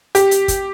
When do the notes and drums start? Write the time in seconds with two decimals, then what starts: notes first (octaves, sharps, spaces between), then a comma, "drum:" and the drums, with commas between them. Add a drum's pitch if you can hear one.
0.15 G4, drum: hi-hat
0.31 drum: hi-hat
0.48 drum: kick, hi-hat